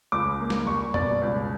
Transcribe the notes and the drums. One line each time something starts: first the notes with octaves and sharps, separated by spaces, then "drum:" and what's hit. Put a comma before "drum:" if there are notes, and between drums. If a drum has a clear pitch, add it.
C#2 D6
A#3
drum: snare
G3 C#6
B2 D5, drum: tom F#2
C#2